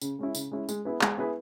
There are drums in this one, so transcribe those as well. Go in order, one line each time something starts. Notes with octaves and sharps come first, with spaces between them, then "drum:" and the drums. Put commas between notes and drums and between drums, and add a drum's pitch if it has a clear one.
C#3, drum: tambourine
G#3 C#4 E4
C#3, drum: tambourine
G#3 C#4 E4
G#3, drum: tambourine
B3 E4 G#4 B4
G#3, drum: clap
B3 E4 G#4 B4